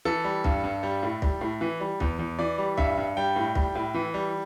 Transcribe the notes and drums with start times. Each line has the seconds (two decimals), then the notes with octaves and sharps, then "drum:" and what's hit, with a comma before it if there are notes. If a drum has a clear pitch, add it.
0.05 E3 A4
0.24 G3
0.44 G2, drum: kick
0.63 G2
0.83 G3
1.03 A2
1.22 G3, drum: kick
1.41 A2
1.61 E3
1.80 G3
2.00 E2, drum: kick
2.19 E2
2.39 E3 D5
2.58 G3
2.78 G2 E5, drum: kick
2.97 G2
3.17 G3 G5
3.36 A2
3.55 G3, drum: kick
3.75 A2
3.94 E3
4.14 G3